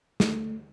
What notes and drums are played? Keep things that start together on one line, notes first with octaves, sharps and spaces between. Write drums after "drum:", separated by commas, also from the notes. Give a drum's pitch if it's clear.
A3, drum: snare